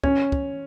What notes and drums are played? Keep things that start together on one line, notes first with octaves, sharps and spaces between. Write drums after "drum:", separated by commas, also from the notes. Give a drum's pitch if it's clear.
C#4, drum: kick
drum: kick